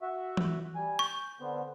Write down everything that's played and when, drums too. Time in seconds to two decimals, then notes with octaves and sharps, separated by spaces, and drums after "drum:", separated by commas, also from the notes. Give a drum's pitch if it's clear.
0.02 F#4 E5
0.37 drum: tom E3
0.75 G3 G#5
0.99 C#6 G6
1.40 D3 B3 C4